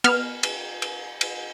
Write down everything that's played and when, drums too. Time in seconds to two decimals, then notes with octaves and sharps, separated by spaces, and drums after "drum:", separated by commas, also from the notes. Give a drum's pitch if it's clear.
0.04 B3 F6, drum: cymbal
0.43 drum: cymbal
0.82 drum: cymbal
1.21 drum: cymbal